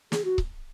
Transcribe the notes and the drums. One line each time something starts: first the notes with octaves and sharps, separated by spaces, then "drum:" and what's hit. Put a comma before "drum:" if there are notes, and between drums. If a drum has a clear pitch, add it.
G#4, drum: snare
F#4
drum: kick C#1